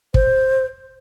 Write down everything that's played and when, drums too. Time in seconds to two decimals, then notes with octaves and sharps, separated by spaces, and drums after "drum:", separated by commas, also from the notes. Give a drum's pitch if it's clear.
0.14 C5, drum: kick